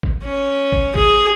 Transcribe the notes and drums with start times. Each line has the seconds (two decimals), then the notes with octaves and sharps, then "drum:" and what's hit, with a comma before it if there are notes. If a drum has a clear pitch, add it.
0.03 drum: kick G#1
0.25 C#4
0.72 drum: kick G#1
0.95 G#4, drum: kick G#1